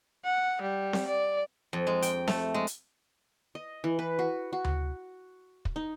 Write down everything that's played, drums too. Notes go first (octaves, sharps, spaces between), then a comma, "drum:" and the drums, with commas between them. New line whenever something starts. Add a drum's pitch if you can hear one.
F#5
G3
drum: snare C4
D5
F2
G#3
G5, drum: hi-hat
A3, drum: snare C4
G#3
drum: hi-hat
D#5
E3
B4
F#4
F#4
drum: tom D2
drum: kick
D#4